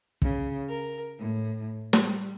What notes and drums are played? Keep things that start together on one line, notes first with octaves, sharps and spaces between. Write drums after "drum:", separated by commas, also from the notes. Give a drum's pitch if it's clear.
C#3, drum: kick
A#4
A2
G3, drum: snare